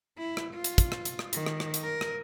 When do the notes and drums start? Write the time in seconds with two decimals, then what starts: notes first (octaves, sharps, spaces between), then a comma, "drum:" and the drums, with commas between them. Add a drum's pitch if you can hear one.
0.18 E4
0.37 drum: rim click
0.55 F4
0.64 drum: hi-hat
0.78 drum: kick, hi-hat
0.92 drum: rim click
1.05 drum: hi-hat
1.19 drum: rim click
1.33 D#3, drum: hi-hat
1.46 drum: rim click
1.60 drum: rim click
1.74 drum: hi-hat
1.84 A#4
2.01 drum: rim click